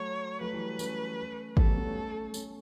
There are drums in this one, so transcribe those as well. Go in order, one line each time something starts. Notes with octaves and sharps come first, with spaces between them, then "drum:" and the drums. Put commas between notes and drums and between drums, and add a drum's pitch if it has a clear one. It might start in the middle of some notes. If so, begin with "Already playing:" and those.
Already playing: F#3 A3 C#5
F#3 A3 B4
E3 G3
A3 C#4, drum: tambourine
G3 B3 A4, drum: kick G#1
F#3 A3
G3 B3
A3 C#4
A3 C#4, drum: tambourine